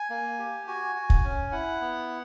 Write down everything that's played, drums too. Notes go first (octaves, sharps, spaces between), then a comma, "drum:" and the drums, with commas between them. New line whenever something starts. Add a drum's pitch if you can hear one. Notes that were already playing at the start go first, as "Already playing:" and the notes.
Already playing: G#5
A#3
G4
F#4 G#5
F#4
drum: kick
C#4
E4 F#5
B3